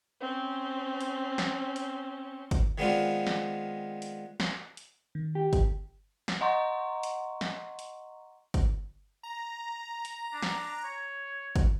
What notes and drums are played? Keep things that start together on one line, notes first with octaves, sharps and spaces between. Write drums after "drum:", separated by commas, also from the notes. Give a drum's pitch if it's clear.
C4 C#4
drum: hi-hat
drum: snare
drum: hi-hat
drum: kick G1, hi-hat
D#3 G#3 B3 C4 D4 F4
drum: snare
drum: hi-hat
drum: snare
drum: hi-hat
D#3
G4
drum: kick G1, hi-hat
drum: snare
D#5 F#5 A#5 C6 C#6
drum: hi-hat
drum: snare
drum: hi-hat
drum: kick G1, hi-hat
A#5
drum: hi-hat
D4
drum: snare
C#5
drum: kick G1, hi-hat